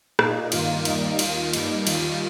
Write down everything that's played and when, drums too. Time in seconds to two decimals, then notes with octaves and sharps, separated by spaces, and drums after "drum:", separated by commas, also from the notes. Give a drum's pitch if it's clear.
0.19 A#2 A#3 D#4, drum: rim click
0.52 G2 D#3 A#3 F4, drum: cymbal
0.85 D#2 D#3 G3 A#3 D#4, drum: cymbal
1.19 D#2 D#3 A#3 F4, drum: cymbal
1.53 G2 G3 A#3 D#4, drum: cymbal
1.87 D#2 D#3 G3 F4, drum: cymbal